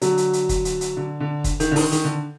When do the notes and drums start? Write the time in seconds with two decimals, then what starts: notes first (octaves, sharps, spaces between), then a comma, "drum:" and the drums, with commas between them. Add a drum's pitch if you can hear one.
0.01 D3 F#3, drum: hi-hat
0.17 drum: hi-hat
0.33 drum: hi-hat
0.49 drum: kick, hi-hat
0.65 drum: hi-hat
0.81 drum: hi-hat
0.97 D3
1.20 D3
1.44 drum: kick, hi-hat
1.60 D#3, drum: hi-hat
1.71 D3
1.76 D#3, drum: open hi-hat
1.92 D#3, drum: hi-hat
2.04 D3